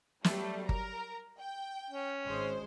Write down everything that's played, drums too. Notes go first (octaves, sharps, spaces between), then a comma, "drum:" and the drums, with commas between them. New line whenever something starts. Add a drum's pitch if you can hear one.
F#3 G3 A3, drum: snare
A#4 A#5, drum: kick G1
G5
C#4
G#1 G#3 C5